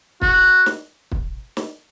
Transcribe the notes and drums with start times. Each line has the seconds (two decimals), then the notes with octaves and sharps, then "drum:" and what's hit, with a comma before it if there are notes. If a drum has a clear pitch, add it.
0.21 F#4, drum: kick
0.66 drum: snare
1.12 drum: kick
1.57 drum: snare